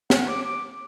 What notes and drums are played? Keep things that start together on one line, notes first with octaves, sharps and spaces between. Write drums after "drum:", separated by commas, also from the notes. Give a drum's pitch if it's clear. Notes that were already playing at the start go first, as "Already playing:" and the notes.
F#5, drum: snare
D6
D6